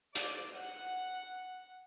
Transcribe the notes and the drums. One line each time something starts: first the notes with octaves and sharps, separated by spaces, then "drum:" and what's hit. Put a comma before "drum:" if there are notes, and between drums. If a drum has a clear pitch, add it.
D5, drum: hi-hat
F#5